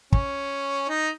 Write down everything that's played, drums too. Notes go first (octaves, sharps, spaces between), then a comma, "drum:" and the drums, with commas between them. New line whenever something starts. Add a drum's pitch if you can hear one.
C#4, drum: kick
D#4